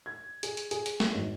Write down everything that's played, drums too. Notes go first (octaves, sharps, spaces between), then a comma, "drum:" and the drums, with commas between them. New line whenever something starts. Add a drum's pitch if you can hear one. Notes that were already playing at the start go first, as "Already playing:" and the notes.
G#6
G#4, drum: hi-hat
drum: hi-hat
G#4, drum: hi-hat
drum: hi-hat
drum: snare
G#1